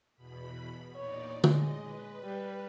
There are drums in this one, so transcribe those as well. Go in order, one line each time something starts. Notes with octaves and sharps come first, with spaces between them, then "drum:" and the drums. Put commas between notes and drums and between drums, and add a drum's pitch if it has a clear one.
E2 B2 B5
A#2 D#4 C#5 D5
G#3 D#5, drum: tom
B4
G3